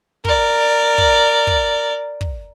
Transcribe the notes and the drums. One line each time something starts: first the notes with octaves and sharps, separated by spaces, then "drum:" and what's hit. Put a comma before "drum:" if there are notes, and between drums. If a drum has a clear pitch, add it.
A#4 D5, drum: kick
drum: kick
drum: kick
drum: kick